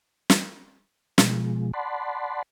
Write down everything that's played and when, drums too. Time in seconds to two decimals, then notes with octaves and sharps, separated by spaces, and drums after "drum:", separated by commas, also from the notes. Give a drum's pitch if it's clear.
0.30 drum: snare
1.18 B2 F3 G#3, drum: snare
1.73 D5 F#5 A5 B5 C6